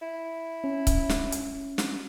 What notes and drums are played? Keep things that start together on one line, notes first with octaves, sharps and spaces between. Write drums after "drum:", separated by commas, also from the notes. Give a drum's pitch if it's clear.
E4
C#4
drum: kick C#1, hi-hat
drum: snare
drum: hi-hat
drum: snare